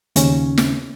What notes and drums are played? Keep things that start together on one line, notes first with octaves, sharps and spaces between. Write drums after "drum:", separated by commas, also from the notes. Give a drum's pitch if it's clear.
D#2 C#3 C#4, drum: hi-hat
drum: snare